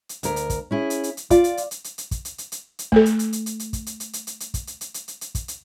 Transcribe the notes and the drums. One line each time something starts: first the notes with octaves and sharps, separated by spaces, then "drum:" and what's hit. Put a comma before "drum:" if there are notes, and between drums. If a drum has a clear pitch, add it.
drum: hi-hat
D2 A#4, drum: hi-hat
drum: hi-hat
drum: kick, hi-hat
C#4 E4 G#4
drum: hi-hat
drum: hi-hat
drum: hi-hat
F4 D5, drum: kick, hi-hat
drum: hi-hat
drum: hi-hat
drum: hi-hat
drum: hi-hat
drum: hi-hat
drum: kick, hi-hat
drum: hi-hat
drum: hi-hat
drum: hi-hat
drum: hi-hat
A3 A4, drum: kick
drum: hi-hat
drum: hi-hat
drum: hi-hat
drum: hi-hat
drum: hi-hat
drum: kick, hi-hat
drum: hi-hat
drum: hi-hat
drum: hi-hat
drum: hi-hat
drum: hi-hat
drum: kick, hi-hat
drum: hi-hat
drum: hi-hat
drum: hi-hat
drum: hi-hat
drum: hi-hat
drum: kick, hi-hat
drum: hi-hat